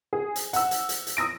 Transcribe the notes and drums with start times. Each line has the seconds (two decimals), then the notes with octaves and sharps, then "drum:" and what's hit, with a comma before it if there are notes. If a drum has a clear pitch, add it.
0.13 G#4
0.36 drum: hi-hat
0.53 F#5 E6, drum: hi-hat
0.71 drum: hi-hat
0.89 drum: hi-hat
1.07 drum: hi-hat
1.17 D#6 E6 A#6 D7